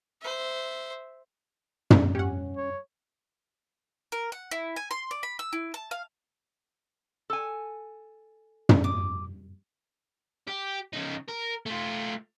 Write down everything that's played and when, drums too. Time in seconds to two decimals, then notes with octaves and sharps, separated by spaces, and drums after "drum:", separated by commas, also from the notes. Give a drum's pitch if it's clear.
0.21 C5 E5
1.90 drum: tom
2.15 C#4 G4 F#5
2.57 C#5
4.12 A#4
4.32 F#5
4.51 E4
4.76 G#5
4.91 C6
5.11 D5
5.23 B5
5.39 E6
5.53 E4
5.74 A5
5.91 F5
7.30 A4 G#5
8.69 drum: tom
8.84 D6 D#6
10.48 G4
10.93 C#3 D#4
11.28 A#4
11.66 A3 F4